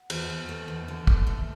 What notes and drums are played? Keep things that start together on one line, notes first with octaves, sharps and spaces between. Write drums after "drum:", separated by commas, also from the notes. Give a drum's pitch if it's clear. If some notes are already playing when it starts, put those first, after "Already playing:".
Already playing: F#5
E2, drum: cymbal
E2
A3
E2
D3
D3, drum: kick
A3